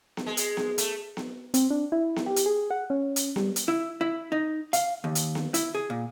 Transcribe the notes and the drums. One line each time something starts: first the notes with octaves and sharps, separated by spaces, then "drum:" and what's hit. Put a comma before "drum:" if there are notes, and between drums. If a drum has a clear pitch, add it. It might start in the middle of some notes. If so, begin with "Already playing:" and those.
drum: snare B3
G#3
drum: hi-hat
drum: snare B3
A3, drum: hi-hat
drum: snare B3
C4, drum: hi-hat
D4
E4
drum: snare B3
G4
drum: hi-hat
G#4
F#5
C#4
drum: hi-hat
G3, drum: snare B3
drum: hi-hat
E4
E4
D#4
F5, drum: hi-hat
D#2
drum: hi-hat
drum: snare B3
E4, drum: hi-hat
G#4
A#2